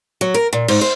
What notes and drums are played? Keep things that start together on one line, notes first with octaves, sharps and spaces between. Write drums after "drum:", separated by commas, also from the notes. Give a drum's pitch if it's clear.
F#3
A#4
A#2
G#2, drum: cymbal
C5